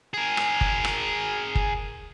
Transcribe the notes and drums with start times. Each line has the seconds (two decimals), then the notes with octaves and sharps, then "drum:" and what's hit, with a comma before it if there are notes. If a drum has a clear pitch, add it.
0.14 G#4 A#4
0.37 drum: rim click
0.61 drum: kick
0.84 drum: rim click
1.55 drum: kick